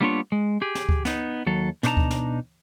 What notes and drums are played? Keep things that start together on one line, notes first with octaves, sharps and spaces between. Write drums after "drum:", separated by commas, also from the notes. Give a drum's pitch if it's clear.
G3 A#3 B3 D4 F4 C#5
G#3
G4 G#4
drum: snare
drum: kick D2
B3 D#4, drum: snare
D#2 F#3 A4
B2 D4 D#4 C5 A5 A#5, drum: snare
drum: kick D2
drum: snare